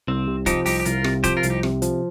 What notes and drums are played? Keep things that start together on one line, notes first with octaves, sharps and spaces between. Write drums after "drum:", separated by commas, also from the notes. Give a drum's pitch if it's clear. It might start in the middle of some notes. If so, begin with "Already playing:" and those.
C2 C4
C3
F3 D#4 G4, drum: kick, hi-hat
C2 D#4 G4, drum: open hi-hat
G4
C2 F4 A#4, drum: hi-hat
C3, drum: rim click
F3 G4 C5, drum: kick, hi-hat
F4 A#4
C2, drum: hi-hat
D#4 G4
C3, drum: rim click
F3, drum: hi-hat